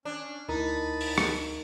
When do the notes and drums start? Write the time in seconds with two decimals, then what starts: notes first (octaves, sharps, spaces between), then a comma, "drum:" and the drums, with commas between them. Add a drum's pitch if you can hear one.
0.05 C#4 D4
0.48 D2 D#4 E4 A#4 A5 B5
1.01 drum: open hi-hat
1.18 drum: rim click